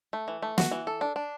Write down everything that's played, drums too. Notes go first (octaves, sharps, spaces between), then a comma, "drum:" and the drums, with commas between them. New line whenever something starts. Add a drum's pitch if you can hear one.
A3
E3
A3
F#4, drum: snare
E3
A4
D4
D4